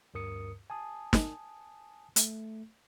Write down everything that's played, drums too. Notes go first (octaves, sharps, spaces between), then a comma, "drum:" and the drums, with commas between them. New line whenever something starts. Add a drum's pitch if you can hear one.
D2 G2 A#4 D#6 C#7
G#5 A5 D#6
drum: snare
A3, drum: hi-hat